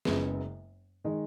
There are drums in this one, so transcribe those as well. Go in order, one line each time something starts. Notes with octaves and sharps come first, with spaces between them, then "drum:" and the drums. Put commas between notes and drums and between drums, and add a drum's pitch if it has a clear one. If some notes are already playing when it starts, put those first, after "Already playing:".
F#1 F#2 C#3 G#3 B3, drum: snare
D#3 G#3 D#4